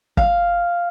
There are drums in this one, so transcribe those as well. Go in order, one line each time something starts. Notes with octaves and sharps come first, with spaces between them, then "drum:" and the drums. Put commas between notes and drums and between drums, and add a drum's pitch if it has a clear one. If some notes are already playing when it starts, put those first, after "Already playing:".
F5, drum: kick